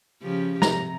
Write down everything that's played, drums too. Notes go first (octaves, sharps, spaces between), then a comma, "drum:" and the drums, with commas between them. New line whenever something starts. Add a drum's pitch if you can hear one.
C#3 F3 G4
C3 A#5, drum: snare